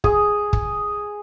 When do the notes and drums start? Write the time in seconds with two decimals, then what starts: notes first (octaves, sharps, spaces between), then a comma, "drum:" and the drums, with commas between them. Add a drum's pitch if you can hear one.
0.04 G#4, drum: kick
0.53 drum: kick